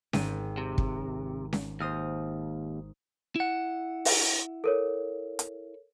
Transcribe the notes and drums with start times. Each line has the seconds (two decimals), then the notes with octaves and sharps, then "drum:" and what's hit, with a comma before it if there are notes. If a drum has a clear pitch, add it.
0.13 G#1 G5 D#7, drum: snare C#4
0.58 C3
0.78 drum: kick
1.53 drum: snare C#4
1.80 D#2 C5 D#6 F6
3.36 E4 F#5
4.05 drum: open hi-hat
4.64 A4 A#4 C#5
5.39 drum: hi-hat